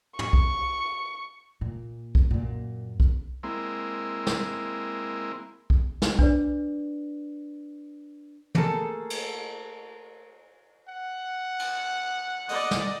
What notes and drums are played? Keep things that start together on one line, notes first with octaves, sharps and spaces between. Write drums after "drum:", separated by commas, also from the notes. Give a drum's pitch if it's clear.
C#6, drum: tom
drum: kick B1
A#2
drum: kick B1
F#2 A#2
drum: kick B1
G#3 A#3 C4 E4
drum: snare
drum: kick B1
drum: snare
D4 B4 D5, drum: kick B1
A3 A#3 G#4 A4, drum: tom
drum: cymbal
F#5
drum: cymbal
D5 D#5, drum: open hi-hat
drum: snare